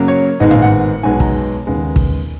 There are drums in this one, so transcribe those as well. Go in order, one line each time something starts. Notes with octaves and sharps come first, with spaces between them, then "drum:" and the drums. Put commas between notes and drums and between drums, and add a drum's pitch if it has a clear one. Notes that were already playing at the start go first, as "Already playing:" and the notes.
Already playing: F#2 C#3 F#3 A#3
C#5
G#1 G#2 D#3 G#3 B3 D#5
F5, drum: tom
F#5
B1 B2 G#3 B3 G#5
A#5, drum: kick
D#2 C#3 G#3 B3
drum: kick